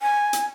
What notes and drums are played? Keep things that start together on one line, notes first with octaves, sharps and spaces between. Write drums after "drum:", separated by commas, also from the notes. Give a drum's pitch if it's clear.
G#5
drum: hi-hat